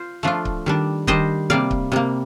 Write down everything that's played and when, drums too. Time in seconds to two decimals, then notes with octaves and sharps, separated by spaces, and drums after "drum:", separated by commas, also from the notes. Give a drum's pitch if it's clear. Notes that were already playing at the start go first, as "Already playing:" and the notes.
Already playing: F4 C5
0.23 F3 A3 D4 F4
0.45 drum: kick C#1
0.66 D#3 G3 D4
1.07 D#3 G3 D4 C5 D#5, drum: kick C#1
1.50 C3 G3 A#3 D5 F5
1.71 drum: kick C#1
1.92 C3 G3 A#3